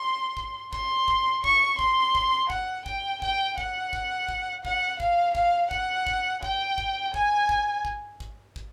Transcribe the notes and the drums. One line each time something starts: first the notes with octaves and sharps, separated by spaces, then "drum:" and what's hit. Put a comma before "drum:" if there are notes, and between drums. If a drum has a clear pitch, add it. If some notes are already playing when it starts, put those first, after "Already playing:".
Already playing: C6
drum: kick
C6, drum: kick
drum: kick
C#6, drum: kick
C6, drum: kick
drum: kick
F#5, drum: kick
G5, drum: kick
G5, drum: kick
F#5, drum: kick
drum: kick
drum: kick
F#5, drum: kick
F5, drum: kick
F5, drum: kick
F#5, drum: kick
drum: kick
G5, drum: kick
drum: kick
G#5, drum: kick
drum: kick
drum: kick
drum: kick
drum: kick